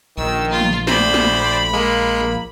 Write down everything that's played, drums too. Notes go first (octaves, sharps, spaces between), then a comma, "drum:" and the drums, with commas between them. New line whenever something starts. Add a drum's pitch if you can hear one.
A#1 D#3 E6
F4
drum: tom
D2 C5 D5 B5, drum: snare
drum: snare
G#3 A#3